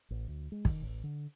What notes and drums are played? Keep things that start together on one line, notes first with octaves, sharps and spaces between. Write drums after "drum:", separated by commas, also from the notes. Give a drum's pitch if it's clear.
A1
D2
G#3
D#3, drum: kick
A1
D3